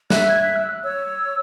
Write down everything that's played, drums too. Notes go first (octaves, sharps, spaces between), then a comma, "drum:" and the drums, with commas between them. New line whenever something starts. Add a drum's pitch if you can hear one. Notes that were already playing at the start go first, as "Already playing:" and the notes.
E5 F#6, drum: snare
G#6
F#6
E6
F#6
C#5 E6